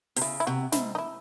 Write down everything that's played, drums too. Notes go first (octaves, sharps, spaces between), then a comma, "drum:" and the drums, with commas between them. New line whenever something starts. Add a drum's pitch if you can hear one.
C3, drum: open hi-hat
C#3 E4
E4
C3 F#4
G#2 E4, drum: snare
D#4
E4